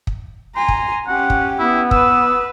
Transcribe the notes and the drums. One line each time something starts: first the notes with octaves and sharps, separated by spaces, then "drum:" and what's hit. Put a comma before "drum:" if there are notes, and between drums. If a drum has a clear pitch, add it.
drum: kick
G#5 A#5 C6
drum: kick
C#4 G4 F#5
drum: kick
B3 E4
B4 E6, drum: kick